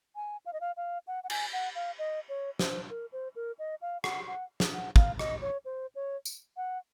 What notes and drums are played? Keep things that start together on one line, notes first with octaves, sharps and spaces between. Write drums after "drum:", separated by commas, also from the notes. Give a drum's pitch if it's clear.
G#5
F5
D#5
F5
F5
F#5
F#5
G#5, drum: cymbal
F#5
F5
D#5
C#5
C5, drum: snare
A#4
C5
A#4
D#5
F5
F#5, drum: rim click
F#5
drum: snare
F#5
F5, drum: kick
D#5, drum: rim click
C#5
C5
C#5
drum: tambourine
F#5